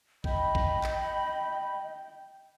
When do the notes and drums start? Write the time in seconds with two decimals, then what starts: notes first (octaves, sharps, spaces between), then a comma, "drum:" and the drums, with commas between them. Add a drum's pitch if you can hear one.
0.24 D#5 G5 B5, drum: kick
0.55 drum: kick
0.84 drum: clap